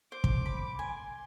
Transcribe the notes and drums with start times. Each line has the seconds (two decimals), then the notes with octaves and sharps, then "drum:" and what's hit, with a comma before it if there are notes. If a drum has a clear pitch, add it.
0.12 C5 D6
0.24 drum: kick
0.46 B5
0.79 G#5 C6